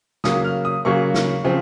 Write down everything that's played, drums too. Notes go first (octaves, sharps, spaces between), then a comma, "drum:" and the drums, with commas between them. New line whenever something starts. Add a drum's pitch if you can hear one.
C#3 F#3 A#3 D#6, drum: snare
F6
D#6
C#3 F#3 A#3 C#6
drum: snare
C#3 F3 C4